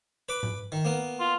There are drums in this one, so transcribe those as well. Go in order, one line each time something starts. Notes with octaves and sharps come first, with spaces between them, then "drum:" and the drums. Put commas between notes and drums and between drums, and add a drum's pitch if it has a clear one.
B4 D6
drum: tom G#2
D#3
A#3 B3
F4